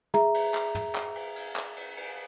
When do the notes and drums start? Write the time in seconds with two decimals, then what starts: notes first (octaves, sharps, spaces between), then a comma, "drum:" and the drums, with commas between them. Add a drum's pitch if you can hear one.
0.14 G#4 E5 A#5, drum: tom
0.34 drum: cymbal
0.54 drum: clap
0.75 drum: tom
0.95 drum: clap
1.15 drum: cymbal
1.36 drum: cymbal
1.56 drum: clap
1.76 drum: cymbal
1.97 drum: cymbal